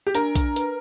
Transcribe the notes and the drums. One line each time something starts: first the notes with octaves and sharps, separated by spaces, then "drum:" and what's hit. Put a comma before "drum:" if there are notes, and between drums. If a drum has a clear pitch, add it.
G4
D4 A#4, drum: hi-hat
drum: kick B1, hi-hat
B4, drum: hi-hat